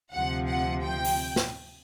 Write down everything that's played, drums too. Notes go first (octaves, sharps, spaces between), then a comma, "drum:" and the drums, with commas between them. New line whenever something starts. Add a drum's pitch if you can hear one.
D2 C3 F3 F#5
F#5
G5
drum: open hi-hat
drum: snare